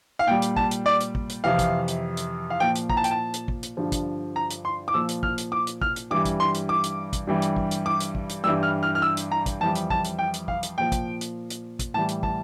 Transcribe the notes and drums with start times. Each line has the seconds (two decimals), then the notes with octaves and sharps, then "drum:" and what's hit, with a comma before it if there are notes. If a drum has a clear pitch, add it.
0.19 F5
0.27 A#2 G3 G5
0.42 drum: hi-hat
0.56 A5, drum: kick
0.71 drum: hi-hat
0.86 D5
1.00 drum: hi-hat
1.15 drum: kick
1.29 drum: hi-hat
1.44 F2 C3 E3 F5
1.59 drum: kick, hi-hat
1.88 drum: hi-hat
2.17 drum: hi-hat
2.50 F5
2.60 A#2 F3 G5
2.75 drum: hi-hat
2.90 A#5, drum: kick
2.97 A5
3.04 G5, drum: hi-hat
3.11 A5
3.34 drum: hi-hat
3.48 drum: kick
3.63 drum: hi-hat
3.77 G2 D3 F3
3.92 drum: kick, hi-hat
4.36 A#5
4.50 drum: hi-hat
4.65 C6
4.88 D6
4.94 A#2 F3 E6
5.09 drum: hi-hat
5.23 F6, drum: kick
5.38 drum: hi-hat
5.52 D6
5.67 drum: hi-hat
5.81 F6, drum: kick
5.96 drum: hi-hat
6.11 G2 E3 G3 D6
6.25 drum: kick, hi-hat
6.40 C6
6.54 drum: hi-hat
6.69 D6
6.84 drum: hi-hat
7.13 drum: kick, hi-hat
7.27 G2 E3 G3
7.42 drum: hi-hat
7.56 drum: kick
7.71 drum: hi-hat
7.86 D6
8.00 drum: hi-hat
8.15 drum: kick
8.29 drum: hi-hat
8.44 G2 E3 G3 E6
8.63 F6
8.83 F6
8.95 F6
9.02 E6
9.17 drum: hi-hat
9.32 A#5
9.46 drum: kick, hi-hat
9.61 F2 E3 G3 A5
9.75 drum: hi-hat
9.90 A5, drum: kick
10.04 drum: hi-hat
10.19 G5
10.34 drum: hi-hat
10.48 F5, drum: kick
10.63 drum: hi-hat
10.77 A#2 F3 G5
10.92 drum: kick, hi-hat
11.21 drum: hi-hat
11.50 drum: hi-hat
11.79 drum: kick, hi-hat
11.94 A2 E3 G3 A5
12.09 drum: hi-hat
12.23 A5, drum: kick